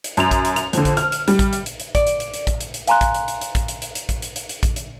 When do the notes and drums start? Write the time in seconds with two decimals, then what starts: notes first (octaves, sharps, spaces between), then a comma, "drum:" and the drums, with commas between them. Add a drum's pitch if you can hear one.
0.04 drum: hi-hat
0.17 F#2 F7, drum: hi-hat
0.31 drum: kick, hi-hat
0.45 drum: hi-hat
0.56 F7, drum: hi-hat
0.73 F2 D3, drum: hi-hat
0.85 drum: kick, hi-hat
0.97 F6, drum: hi-hat
1.12 drum: hi-hat
1.28 G3, drum: hi-hat
1.39 drum: kick, hi-hat
1.53 drum: hi-hat
1.66 drum: hi-hat
1.80 drum: hi-hat
1.95 D5, drum: kick, hi-hat
2.07 drum: hi-hat
2.20 drum: hi-hat
2.34 drum: hi-hat
2.47 drum: kick, hi-hat
2.61 drum: hi-hat
2.74 drum: hi-hat
2.88 F5 G#5 A#5 C6 F#6, drum: hi-hat
3.01 drum: kick, hi-hat
3.14 drum: hi-hat
3.28 drum: hi-hat
3.41 drum: hi-hat
3.55 drum: kick, hi-hat
3.68 drum: hi-hat
3.82 drum: hi-hat
3.95 drum: hi-hat
4.09 drum: kick, hi-hat
4.22 drum: hi-hat
4.36 drum: hi-hat
4.49 drum: hi-hat
4.63 drum: kick, hi-hat
4.76 drum: hi-hat